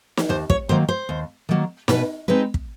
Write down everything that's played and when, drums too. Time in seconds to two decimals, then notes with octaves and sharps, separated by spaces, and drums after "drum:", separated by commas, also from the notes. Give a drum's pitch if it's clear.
0.17 drum: snare
0.29 D#2 C5
0.50 C#5, drum: kick
0.69 D#3 F#3 A#3 C5
0.88 C5
1.09 D#2
1.49 D#3 F#3 A#3
1.88 B2 B4, drum: snare
2.28 G#3 C4 D#4 B4
2.54 drum: kick